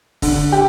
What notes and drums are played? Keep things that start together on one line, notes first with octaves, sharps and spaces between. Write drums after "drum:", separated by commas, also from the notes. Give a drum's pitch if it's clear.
D3, drum: kick, open hi-hat
G4